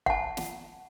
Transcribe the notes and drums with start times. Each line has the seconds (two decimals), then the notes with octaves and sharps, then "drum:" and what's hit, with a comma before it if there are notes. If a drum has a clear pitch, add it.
0.06 F#5 A5, drum: kick
0.37 drum: snare